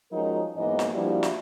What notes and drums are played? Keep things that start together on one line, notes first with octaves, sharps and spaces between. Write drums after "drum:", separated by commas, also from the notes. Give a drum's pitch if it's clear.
F3 F#3 G#3 C#4 D#4 A#4
G#2 E3 F#3 A#3 B3 D#5
drum: snare
F3 G3 A#3 D4 E4 F#4
drum: snare